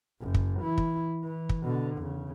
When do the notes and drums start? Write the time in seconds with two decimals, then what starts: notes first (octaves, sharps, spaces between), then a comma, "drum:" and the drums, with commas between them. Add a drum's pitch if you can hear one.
0.21 F#1 F#2
0.35 drum: kick
0.61 E3 E4
0.78 drum: kick
1.24 E3
1.49 drum: kick
1.64 B2 D3
1.98 E2 C#3